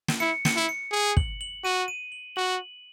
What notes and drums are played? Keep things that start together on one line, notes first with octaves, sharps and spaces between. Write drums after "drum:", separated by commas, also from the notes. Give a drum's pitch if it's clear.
drum: snare
E4 C#7
C#7, drum: snare
E4
C#7
G#4
F#7, drum: kick
F#7
F#4 D#7
D#7
F#7
F#4 F#7